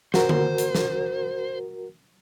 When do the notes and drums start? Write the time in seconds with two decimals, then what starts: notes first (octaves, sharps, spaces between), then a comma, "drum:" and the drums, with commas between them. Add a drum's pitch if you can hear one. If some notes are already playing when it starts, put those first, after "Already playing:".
0.14 F#4 A#4 C5, drum: snare
0.29 drum: tom D3
0.58 drum: hi-hat
0.75 drum: snare